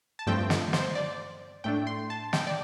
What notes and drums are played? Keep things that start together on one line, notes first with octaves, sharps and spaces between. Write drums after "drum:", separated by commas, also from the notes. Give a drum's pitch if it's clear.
A5
G2 F3 A3 C4 G5
drum: snare
C5, drum: snare
D5
A2 A3 D4 G5
C6
A5
G5, drum: snare
D5